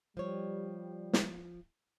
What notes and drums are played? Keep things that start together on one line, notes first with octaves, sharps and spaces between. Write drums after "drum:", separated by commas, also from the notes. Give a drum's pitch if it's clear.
F3 G3 C#5
drum: snare